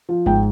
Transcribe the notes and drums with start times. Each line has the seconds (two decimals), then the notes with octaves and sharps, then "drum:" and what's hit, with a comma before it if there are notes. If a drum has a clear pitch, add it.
0.09 F3
0.26 G#2 G5, drum: kick G#1